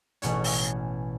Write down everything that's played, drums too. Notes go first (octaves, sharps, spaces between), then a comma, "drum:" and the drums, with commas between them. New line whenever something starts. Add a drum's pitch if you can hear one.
A1 B2 C#4 C#5, drum: hi-hat
drum: open hi-hat